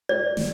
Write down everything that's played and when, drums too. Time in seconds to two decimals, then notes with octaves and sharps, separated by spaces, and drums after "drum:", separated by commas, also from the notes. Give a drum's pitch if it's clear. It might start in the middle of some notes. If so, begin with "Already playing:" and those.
0.09 D5
0.37 drum: snare